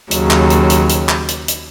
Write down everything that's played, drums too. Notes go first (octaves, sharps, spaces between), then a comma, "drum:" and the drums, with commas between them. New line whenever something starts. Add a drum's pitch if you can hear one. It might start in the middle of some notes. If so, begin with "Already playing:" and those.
D#2 C#3 F#3, drum: hi-hat
drum: clap
drum: hi-hat
drum: hi-hat
drum: hi-hat
drum: clap
drum: hi-hat
drum: hi-hat